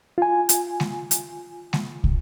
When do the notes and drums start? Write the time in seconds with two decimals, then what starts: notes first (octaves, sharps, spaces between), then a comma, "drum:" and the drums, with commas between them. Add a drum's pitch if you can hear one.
0.18 F4 G#5
0.49 drum: hi-hat
0.80 drum: snare G#3
1.11 drum: hi-hat
1.73 drum: snare G#3
2.04 drum: kick